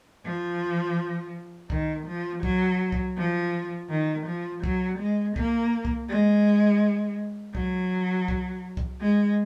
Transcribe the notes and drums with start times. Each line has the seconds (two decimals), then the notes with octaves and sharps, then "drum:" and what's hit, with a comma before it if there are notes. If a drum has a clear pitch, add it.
0.25 F3
1.70 D#3, drum: kick C2
2.07 F3
2.43 F#3, drum: kick C2
2.92 drum: kick C2
3.17 F3
3.90 D#3
4.26 F3
4.64 F#3, drum: kick C2
4.99 G#3
5.36 A#3, drum: kick C2
5.85 drum: kick C2
6.09 G#3
7.55 F#3, drum: kick C2
8.28 drum: kick C2
8.77 drum: kick C2
9.01 G#3